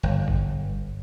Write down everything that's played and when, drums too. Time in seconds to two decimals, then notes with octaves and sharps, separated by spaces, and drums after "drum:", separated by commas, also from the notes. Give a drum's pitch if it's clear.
0.03 G1
0.28 drum: kick